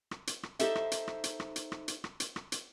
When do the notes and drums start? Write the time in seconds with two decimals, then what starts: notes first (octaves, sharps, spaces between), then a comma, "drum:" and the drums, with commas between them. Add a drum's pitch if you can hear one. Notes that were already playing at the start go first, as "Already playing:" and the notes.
0.11 drum: rim click
0.27 drum: hi-hat
0.43 drum: rim click
0.59 D#4 G4 A4 C5 E5, drum: hi-hat
0.75 drum: rim click
0.92 drum: hi-hat
1.08 drum: rim click
1.24 drum: hi-hat
1.40 drum: rim click
1.56 drum: hi-hat
1.72 drum: rim click
1.88 drum: hi-hat
2.04 drum: rim click
2.20 drum: hi-hat
2.36 drum: rim click
2.52 drum: hi-hat